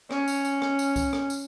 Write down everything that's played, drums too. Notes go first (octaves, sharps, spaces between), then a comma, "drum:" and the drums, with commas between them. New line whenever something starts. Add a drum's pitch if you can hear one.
C#4, drum: rim click
drum: tambourine
drum: tambourine
drum: rim click
drum: tambourine
drum: kick C2, tambourine
drum: rim click
drum: tambourine